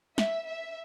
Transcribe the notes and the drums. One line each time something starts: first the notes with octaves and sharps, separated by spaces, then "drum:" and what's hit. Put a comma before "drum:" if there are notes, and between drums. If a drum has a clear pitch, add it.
E5, drum: snare
E5